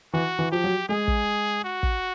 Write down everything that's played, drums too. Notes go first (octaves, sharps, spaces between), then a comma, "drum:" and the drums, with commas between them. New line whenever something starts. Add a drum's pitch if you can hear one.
E3 F#4
E3
F3 G4
F#3
G#3 G#4
drum: kick
F#4
drum: kick